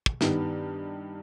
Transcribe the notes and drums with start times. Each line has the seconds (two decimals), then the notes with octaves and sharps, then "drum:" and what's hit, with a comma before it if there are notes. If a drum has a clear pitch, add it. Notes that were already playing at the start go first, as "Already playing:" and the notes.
0.06 drum: kick
0.21 G2 D#3 G3 B3 D#4, drum: snare